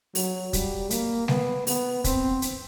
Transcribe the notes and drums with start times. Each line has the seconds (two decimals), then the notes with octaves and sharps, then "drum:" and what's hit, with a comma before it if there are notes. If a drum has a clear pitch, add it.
0.15 F#3, drum: open hi-hat
0.53 G3, drum: kick, hi-hat
0.90 A#3, drum: hi-hat
1.28 B3, drum: snare G3
1.67 B3, drum: open hi-hat
2.04 C4, drum: kick, hi-hat
2.42 drum: hi-hat